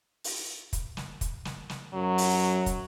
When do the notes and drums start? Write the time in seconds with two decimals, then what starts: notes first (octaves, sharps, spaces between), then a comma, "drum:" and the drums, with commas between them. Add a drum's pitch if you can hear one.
0.24 drum: open hi-hat
0.73 drum: kick, hi-hat
0.97 drum: snare
1.21 drum: kick, hi-hat
1.45 drum: snare
1.69 drum: snare
1.94 F#2 F#3
2.18 drum: open hi-hat
2.66 drum: kick, hi-hat